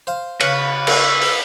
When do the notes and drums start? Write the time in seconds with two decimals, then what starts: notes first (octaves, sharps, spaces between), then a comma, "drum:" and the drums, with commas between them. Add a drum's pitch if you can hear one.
0.07 C5 F5
0.40 C#3 B4 F5 C#6 F#6, drum: cymbal
0.87 E6, drum: cymbal
1.21 drum: open hi-hat